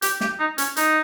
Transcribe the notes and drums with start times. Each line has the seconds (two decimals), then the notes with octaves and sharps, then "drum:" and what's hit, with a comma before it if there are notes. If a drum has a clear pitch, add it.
0.02 G4, drum: hi-hat
0.21 G4, drum: snare
0.39 D#4
0.58 C#4, drum: hi-hat
0.76 D#4, drum: hi-hat